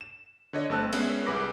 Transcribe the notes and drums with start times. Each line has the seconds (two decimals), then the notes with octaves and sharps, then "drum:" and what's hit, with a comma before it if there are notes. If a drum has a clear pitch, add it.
0.01 E7
0.53 D3 C#5 D#5
0.69 G1 A3 C4 A5 E6 F#6
0.92 G#3 B3 C#4 C#5 E5, drum: cymbal
1.26 C2 G#4 B4 B5 D6 A#6